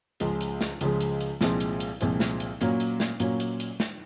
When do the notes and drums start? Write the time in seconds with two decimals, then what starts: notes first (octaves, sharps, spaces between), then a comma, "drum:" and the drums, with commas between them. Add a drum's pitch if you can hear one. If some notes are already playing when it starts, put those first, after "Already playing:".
0.20 C#2 C#3 F3 G#3, drum: hi-hat
0.41 drum: hi-hat
0.61 drum: snare
0.81 C#2 C#3 F3 G#3, drum: hi-hat
1.01 drum: hi-hat
1.20 drum: hi-hat
1.41 C2 A#2 F3 G#3 C4, drum: snare
1.60 drum: hi-hat
1.80 drum: hi-hat
2.01 C2 A#2 F3 G#3 C4, drum: hi-hat
2.20 drum: snare
2.40 drum: hi-hat
2.61 A#2 F#3 A#3 C#4, drum: hi-hat
2.80 drum: hi-hat
3.00 drum: snare
3.20 A#2 F#3 A#3 C#4, drum: hi-hat
3.40 drum: hi-hat
3.60 drum: hi-hat
3.80 drum: snare